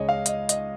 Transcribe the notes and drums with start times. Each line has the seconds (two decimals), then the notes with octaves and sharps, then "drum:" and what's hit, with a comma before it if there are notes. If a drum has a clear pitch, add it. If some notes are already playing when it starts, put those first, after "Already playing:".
Already playing: C#2 C#3 G#3 G#4 C#5 D#5
0.09 F5
0.26 D#5, drum: hi-hat
0.49 D#5, drum: hi-hat